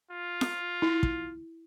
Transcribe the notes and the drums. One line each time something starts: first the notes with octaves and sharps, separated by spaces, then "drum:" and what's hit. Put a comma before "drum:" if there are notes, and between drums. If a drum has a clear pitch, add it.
F4
drum: snare F4
E4
drum: kick